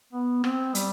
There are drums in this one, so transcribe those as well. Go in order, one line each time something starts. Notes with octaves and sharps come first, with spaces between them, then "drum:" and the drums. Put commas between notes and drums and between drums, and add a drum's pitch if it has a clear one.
B3
C4, drum: rim click
G3, drum: hi-hat